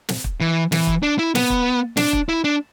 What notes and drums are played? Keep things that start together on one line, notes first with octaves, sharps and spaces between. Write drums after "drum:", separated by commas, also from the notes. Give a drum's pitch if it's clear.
drum: snare
drum: kick
E3
E3, drum: snare
drum: kick
D4
E4
B3, drum: snare
drum: kick
D4, drum: snare
drum: kick
E4
D4